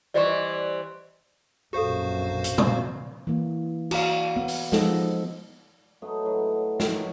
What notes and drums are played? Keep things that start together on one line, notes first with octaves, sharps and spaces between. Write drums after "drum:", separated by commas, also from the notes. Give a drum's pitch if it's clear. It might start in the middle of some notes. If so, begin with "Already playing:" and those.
E3 G3 C5 D5 D#5 C#6
A#1 F#2 B2 F#4 G4 A4 C5 F5
drum: hi-hat
drum: tom A#2
E3 A#3
F#4 F5, drum: cymbal
B3
drum: open hi-hat
F3 G#3 D#4 A4 D#5, drum: snare
F#3 A3 B3 D#4
A2 F#3
F#5
D#3, drum: snare
C#5 G#5